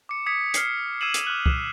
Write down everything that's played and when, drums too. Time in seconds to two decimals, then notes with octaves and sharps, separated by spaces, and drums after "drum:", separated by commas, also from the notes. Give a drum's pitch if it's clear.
0.09 D6 C#7
0.26 D#6 G#6 B6 C#7
0.54 F6 C7, drum: hi-hat
1.01 E6 G#6 C7 D#7 E7 F#7
1.14 F7, drum: hi-hat
1.27 D6 F6 F#6
1.46 drum: kick